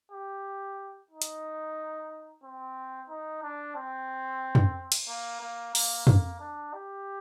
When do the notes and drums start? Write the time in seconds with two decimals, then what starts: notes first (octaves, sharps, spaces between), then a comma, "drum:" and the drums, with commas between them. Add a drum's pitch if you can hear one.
0.12 G4
1.11 D#4
1.22 drum: hi-hat
2.44 C4
3.10 D#4
3.43 D4
3.76 C4
4.55 drum: tom
4.92 drum: cymbal
5.08 A#3
5.41 A#3
5.75 A#3, drum: open hi-hat
6.07 A#3, drum: tom
6.40 D4
6.73 G4